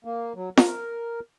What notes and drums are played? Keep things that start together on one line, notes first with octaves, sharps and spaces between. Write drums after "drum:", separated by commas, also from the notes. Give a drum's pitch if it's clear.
A#3
F#3
A#4, drum: snare